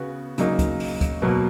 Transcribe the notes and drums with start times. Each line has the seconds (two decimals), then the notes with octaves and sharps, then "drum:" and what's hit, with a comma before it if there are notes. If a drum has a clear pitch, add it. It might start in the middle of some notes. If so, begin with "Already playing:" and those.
Already playing: C#3 B3 F#4
0.38 C#3 F#3 A#3 D#4, drum: hi-hat
0.59 drum: kick, hi-hat
0.80 drum: open hi-hat
1.01 drum: kick, hi-hat
1.22 B2 F#3 A#3